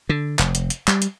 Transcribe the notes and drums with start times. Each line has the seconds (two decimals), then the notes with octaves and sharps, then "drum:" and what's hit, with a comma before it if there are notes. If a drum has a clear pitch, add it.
0.09 D3
0.39 F1, drum: clap
0.55 drum: hi-hat
0.70 drum: hi-hat
0.88 G3, drum: clap
1.02 drum: hi-hat